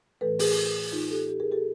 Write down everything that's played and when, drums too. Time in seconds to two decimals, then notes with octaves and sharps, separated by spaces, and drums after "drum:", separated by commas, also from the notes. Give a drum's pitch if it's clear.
0.21 A2 E3 A3 A4 B4
0.39 G#4 A#4, drum: open hi-hat
0.92 D#4 F4
1.11 G4 A4
1.29 G4 A4
1.40 G#4 A#4
1.52 G4 A4